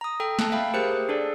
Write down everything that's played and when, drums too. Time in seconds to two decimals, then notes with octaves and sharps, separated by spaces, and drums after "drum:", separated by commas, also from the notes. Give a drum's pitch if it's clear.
0.01 A#5 D#6
0.20 A4 G5 A#5
0.39 A5 F#6, drum: snare
0.52 E5 F5 G5 B5
0.74 G4 G#4 A#4 C5 F#6
1.09 D4 G#4 A4 D5